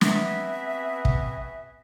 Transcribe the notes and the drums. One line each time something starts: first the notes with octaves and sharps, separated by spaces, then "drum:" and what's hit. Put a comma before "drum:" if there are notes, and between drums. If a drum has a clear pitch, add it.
B3 C4 F#4 G#4 E5, drum: snare
drum: kick